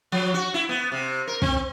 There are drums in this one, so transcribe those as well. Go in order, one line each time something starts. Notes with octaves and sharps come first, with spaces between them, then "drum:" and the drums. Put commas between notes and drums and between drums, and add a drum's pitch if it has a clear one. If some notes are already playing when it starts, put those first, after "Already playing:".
F3
F#4
E4
B3
C3
A#4
C4, drum: kick